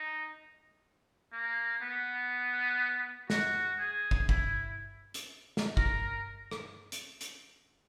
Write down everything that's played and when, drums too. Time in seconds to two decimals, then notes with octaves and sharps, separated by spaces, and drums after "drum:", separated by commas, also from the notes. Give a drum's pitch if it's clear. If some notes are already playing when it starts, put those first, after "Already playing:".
Already playing: D#4
1.33 A#3
1.82 B3
3.30 F#4, drum: snare
3.79 G#4
4.11 drum: kick
4.29 E4, drum: kick
5.14 drum: hi-hat
5.57 drum: snare
5.77 A#4, drum: kick
6.51 drum: rim click
6.92 drum: hi-hat
7.21 drum: hi-hat